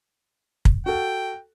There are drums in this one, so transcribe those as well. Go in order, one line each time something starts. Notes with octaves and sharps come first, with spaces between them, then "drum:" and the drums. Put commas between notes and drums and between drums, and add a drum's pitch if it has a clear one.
drum: kick
F#4 A4 G5